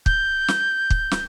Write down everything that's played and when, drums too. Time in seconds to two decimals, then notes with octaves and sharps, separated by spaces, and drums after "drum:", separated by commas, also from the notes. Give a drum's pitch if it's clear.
0.06 G6, drum: kick
0.48 drum: snare
0.90 drum: kick
1.11 drum: snare